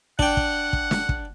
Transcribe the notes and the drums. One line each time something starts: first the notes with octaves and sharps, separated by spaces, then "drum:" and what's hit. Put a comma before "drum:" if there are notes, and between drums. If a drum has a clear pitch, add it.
D4 F#5 G5, drum: kick
drum: kick
drum: kick
drum: snare
drum: kick